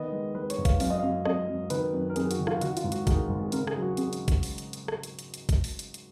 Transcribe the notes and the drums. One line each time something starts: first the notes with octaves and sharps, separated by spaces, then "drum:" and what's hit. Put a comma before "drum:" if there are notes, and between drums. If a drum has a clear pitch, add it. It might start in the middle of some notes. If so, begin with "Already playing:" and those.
Already playing: D#3 B3 D#5
G#3
G#3 B4
C#5, drum: hi-hat
G#2
F5, drum: kick G#1, hi-hat
F#2 F5, drum: open hi-hat
D#5
F5
F#2
F#2 D#5, drum: rim click
F#2
D#3 B4, drum: hi-hat
F#2
A#4
F#2 G#4, drum: hi-hat
F#4, drum: hi-hat
D#3
F4, drum: rim click
D#3 F#4, drum: hi-hat
F4, drum: hi-hat
G#2
F#4, drum: hi-hat
D#3 G#4, drum: kick G#1, hi-hat
G#2
G#4
C#3 A#4, drum: hi-hat
G#4, drum: rim click
F#3
F#4
C#3 G#4, drum: hi-hat
drum: hi-hat
drum: kick G#1, hi-hat
drum: open hi-hat
drum: hi-hat
drum: hi-hat
drum: rim click
drum: hi-hat
drum: hi-hat
drum: hi-hat
drum: kick G#1, hi-hat
drum: open hi-hat
drum: hi-hat
drum: hi-hat